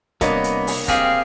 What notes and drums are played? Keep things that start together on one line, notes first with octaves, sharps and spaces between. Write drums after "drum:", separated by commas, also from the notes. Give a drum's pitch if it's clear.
C2 A#3 B3 D4 C#5 D#5, drum: kick C#1, hi-hat
drum: hi-hat
drum: open hi-hat
C4 G4 G#4 F5, drum: kick C#1, hi-hat